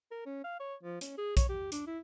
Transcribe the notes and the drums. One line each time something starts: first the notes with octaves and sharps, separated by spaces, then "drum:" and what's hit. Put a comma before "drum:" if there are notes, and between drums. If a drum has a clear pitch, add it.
A#4
C#4
F5
C#5
F3
C#4, drum: hi-hat
G#4
C#5, drum: kick B1, hi-hat
G4
D4, drum: hi-hat
E4